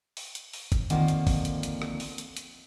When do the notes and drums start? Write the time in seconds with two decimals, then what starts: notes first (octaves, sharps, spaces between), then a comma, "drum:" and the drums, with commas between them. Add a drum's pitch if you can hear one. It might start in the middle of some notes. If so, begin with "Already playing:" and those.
0.17 drum: open hi-hat
0.35 drum: hi-hat
0.53 drum: open hi-hat
0.72 drum: kick, hi-hat
0.90 D3 D#3 F3 A#3 C4 F#5, drum: hi-hat
1.08 drum: hi-hat
1.27 drum: kick, open hi-hat
1.45 drum: hi-hat
1.63 drum: hi-hat
1.82 drum: rim click
2.00 drum: open hi-hat
2.18 drum: hi-hat
2.37 drum: hi-hat